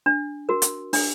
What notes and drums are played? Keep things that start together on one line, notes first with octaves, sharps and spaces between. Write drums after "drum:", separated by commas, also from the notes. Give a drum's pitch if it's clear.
D4
F#4 A#4
drum: hi-hat
D4, drum: open hi-hat